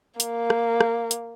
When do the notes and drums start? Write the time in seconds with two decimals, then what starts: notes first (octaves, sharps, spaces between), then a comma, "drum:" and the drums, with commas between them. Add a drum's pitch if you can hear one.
0.20 A#3, drum: hi-hat
0.50 drum: rim click
0.81 drum: rim click
1.11 drum: hi-hat